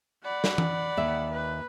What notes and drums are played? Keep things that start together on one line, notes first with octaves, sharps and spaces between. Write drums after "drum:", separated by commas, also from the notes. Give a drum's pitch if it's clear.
D5 F#5 B5
drum: snare
drum: tom E3
D#2 E5
B4